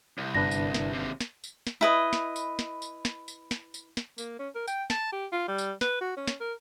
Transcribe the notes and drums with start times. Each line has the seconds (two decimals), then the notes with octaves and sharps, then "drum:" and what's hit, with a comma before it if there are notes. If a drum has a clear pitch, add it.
0.18 C2
0.34 G1 D4 B4 A#6
0.51 drum: tambourine
0.74 drum: snare
0.93 D#2 C3
1.21 drum: snare
1.44 drum: tambourine
1.67 drum: snare
1.81 E4 B4 D#5
2.13 drum: snare
2.36 drum: tambourine
2.59 drum: snare
2.82 drum: tambourine
3.05 drum: snare
3.28 drum: tambourine
3.51 drum: snare
3.74 drum: tambourine
3.97 drum: snare
4.18 A#3, drum: tambourine
4.39 C#4
4.55 A#4
4.67 G5, drum: tambourine
4.90 A5, drum: snare
5.12 G4
5.32 F4
5.48 G3
5.58 drum: tambourine
5.81 B4, drum: snare
6.01 F#4
6.17 C#4
6.27 drum: snare
6.40 A#4